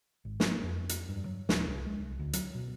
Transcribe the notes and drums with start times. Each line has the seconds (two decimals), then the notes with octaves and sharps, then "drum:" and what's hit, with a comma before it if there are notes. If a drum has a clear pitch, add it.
0.25 G#1
0.40 A#3, drum: snare
0.63 F2
0.89 drum: hi-hat
1.09 G2
1.26 F#3
1.49 D#1, drum: snare
1.67 C2
1.87 G#3
2.00 C2
2.19 D2
2.33 F#3, drum: hi-hat
2.55 B2